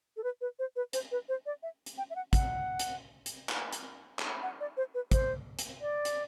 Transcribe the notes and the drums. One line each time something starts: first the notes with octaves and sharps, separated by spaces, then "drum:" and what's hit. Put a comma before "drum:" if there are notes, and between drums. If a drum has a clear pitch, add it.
A4
B4
B4
C5
B4
C5, drum: hi-hat
B4
C5
D5
E5
drum: hi-hat
G5
E5
F#5
F#5, drum: kick, hi-hat
drum: hi-hat
drum: hi-hat
drum: clap
drum: hi-hat
drum: clap
F#5
D5
C5
B4
C5, drum: kick, hi-hat
drum: hi-hat
D5
drum: hi-hat